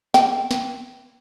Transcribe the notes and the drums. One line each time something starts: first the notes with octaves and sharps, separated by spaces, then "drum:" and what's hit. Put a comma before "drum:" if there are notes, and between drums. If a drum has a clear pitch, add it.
G5, drum: snare
drum: snare